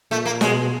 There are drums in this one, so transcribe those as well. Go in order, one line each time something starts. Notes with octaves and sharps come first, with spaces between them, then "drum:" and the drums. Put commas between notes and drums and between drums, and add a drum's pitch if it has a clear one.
A#2 A3
A#3
B2 G#3, drum: snare